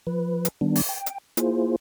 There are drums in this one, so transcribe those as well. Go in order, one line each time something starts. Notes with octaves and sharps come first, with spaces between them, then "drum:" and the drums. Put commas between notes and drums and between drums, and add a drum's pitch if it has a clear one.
F3 B4
drum: hi-hat
D#3 G3 B3 D4
drum: open hi-hat
G5
drum: hi-hat
A#3 E4 F4 G#4 C5, drum: hi-hat